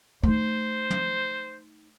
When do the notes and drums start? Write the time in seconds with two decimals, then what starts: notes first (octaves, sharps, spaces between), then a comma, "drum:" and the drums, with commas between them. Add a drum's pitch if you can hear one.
0.24 A3 D#4 C5, drum: kick
0.90 drum: tom